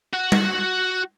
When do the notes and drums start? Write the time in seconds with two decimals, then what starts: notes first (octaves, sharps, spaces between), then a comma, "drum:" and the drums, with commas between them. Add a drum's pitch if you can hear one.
0.14 F#4 F#5
0.32 drum: tom G3